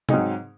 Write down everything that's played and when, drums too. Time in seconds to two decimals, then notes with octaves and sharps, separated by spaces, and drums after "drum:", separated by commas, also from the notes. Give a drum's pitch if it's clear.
0.09 G#2 F#3 C4 D#4 G#4, drum: tom